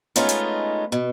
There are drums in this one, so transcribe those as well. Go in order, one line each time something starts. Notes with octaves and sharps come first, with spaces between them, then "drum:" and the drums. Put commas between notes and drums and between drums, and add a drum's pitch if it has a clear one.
G#3 A3 B3 C#4 D#4 F4, drum: hi-hat
drum: hi-hat
B2